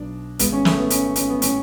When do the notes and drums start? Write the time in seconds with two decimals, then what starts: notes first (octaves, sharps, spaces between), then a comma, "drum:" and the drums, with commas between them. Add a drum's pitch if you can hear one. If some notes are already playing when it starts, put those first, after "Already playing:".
Already playing: B1 B2 D4
0.39 G#1 G#2 B3, drum: hi-hat
0.53 C#4
0.65 A3, drum: snare
0.78 B3
0.90 C#4, drum: hi-hat
1.16 C#4, drum: hi-hat
1.29 B3
1.42 A2 C#4, drum: hi-hat